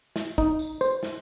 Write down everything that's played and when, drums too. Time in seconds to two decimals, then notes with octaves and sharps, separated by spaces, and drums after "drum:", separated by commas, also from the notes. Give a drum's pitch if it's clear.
0.16 drum: snare
0.38 D#4, drum: kick
0.59 drum: tambourine
0.81 C5, drum: tambourine
1.03 drum: snare